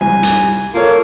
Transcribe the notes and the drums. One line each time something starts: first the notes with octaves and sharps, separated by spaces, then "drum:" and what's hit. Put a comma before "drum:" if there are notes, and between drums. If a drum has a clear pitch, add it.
C2 G#5
drum: hi-hat
A#3 F4 A4 C#5